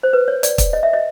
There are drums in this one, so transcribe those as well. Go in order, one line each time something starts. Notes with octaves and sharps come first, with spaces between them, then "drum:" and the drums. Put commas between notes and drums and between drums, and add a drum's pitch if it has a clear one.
C5
B4
C#5
D5, drum: hi-hat
drum: kick, hi-hat
D#5
E5
D#5